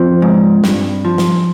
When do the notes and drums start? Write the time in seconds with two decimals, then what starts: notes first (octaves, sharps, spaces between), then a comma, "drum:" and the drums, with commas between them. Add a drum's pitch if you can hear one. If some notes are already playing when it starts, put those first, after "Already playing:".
Already playing: F3 C4
0.22 G#2
0.64 G2, drum: snare
1.05 F3
1.18 drum: snare